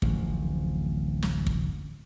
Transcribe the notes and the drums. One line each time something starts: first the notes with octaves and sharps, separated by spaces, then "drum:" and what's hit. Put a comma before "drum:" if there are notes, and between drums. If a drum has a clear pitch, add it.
D1 A1 F3, drum: kick
drum: snare
drum: kick